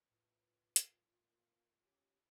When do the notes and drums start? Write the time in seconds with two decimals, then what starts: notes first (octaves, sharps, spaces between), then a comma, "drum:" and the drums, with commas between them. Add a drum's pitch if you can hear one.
0.11 A2 F4 B4
0.76 drum: hi-hat
1.12 A#3
1.85 C#4 G4